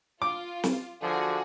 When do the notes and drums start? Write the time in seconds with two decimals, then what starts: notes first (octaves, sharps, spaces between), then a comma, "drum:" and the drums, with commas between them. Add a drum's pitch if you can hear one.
0.22 F4 D6
0.64 drum: snare
1.02 D3 F3 F#4 G#4